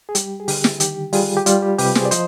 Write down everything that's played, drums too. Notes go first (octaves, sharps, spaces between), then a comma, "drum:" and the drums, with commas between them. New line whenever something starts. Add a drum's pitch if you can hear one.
G#4
G3 G4, drum: hi-hat
G#4
D3 G4, drum: open hi-hat
drum: snare
D#3 G4, drum: hi-hat
G3 F4 G#4, drum: open hi-hat
G4
G3 F4, drum: hi-hat
G4
C3 G4 B4, drum: open hi-hat
G#4 C5, drum: snare
D5
F3 C5 D#5, drum: hi-hat